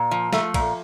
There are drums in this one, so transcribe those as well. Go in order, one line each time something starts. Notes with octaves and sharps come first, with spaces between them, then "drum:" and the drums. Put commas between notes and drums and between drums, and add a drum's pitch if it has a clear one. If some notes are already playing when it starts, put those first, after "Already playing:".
Already playing: A#2
F3
F3 A3, drum: snare
A#2, drum: kick A#1, cymbal